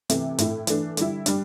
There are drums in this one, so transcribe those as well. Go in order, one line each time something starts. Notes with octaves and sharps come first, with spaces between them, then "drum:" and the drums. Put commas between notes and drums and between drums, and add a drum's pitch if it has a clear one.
C3 E3 A3, drum: hi-hat
A2 A3 E4, drum: hi-hat
E3 A3 D4, drum: hi-hat
D3 G3 E4, drum: hi-hat
G3 D4, drum: hi-hat